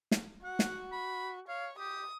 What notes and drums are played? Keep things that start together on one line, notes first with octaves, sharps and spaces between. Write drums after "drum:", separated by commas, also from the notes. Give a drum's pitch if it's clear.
drum: snare
F#4 F#5
drum: snare
B5
C#5 F5
G4 D#6